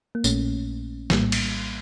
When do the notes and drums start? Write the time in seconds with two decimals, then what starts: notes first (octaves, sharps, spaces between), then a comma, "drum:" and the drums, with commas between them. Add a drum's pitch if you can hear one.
0.15 A#3
0.24 A#1 A#2 A3 C#4, drum: tambourine
1.10 A#1 A2 G3 A#3, drum: snare
1.32 drum: cymbal